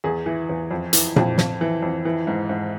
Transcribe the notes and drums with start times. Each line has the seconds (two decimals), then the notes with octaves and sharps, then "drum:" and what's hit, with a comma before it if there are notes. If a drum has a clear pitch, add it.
0.04 E2 G#4
0.26 E3
0.49 E2
0.71 F2
0.93 E3, drum: hi-hat
1.16 F2, drum: tom A#2
1.38 F2, drum: snare
1.61 E3
1.82 F2
2.05 E3
2.27 G#2
2.49 G#2